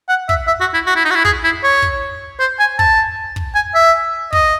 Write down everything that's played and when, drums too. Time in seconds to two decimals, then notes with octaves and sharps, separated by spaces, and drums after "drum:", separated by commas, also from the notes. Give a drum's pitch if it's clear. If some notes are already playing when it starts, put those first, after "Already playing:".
0.09 F#5
0.29 E5, drum: kick
0.47 E5
0.61 F#4
0.74 E4
0.86 F#4
0.96 E4
1.05 D#4
1.11 F#4
1.15 E4
1.25 G#4, drum: kick
1.44 E4
1.64 C#5
1.82 drum: kick
2.40 C5
2.59 G#5
2.79 A5, drum: kick
3.36 drum: kick
3.55 G#5
3.75 E5
4.33 D#5, drum: kick